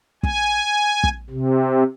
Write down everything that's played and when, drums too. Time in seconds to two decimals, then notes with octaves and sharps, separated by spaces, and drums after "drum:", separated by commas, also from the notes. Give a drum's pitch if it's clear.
0.23 G#5, drum: kick
1.04 drum: kick
1.30 C3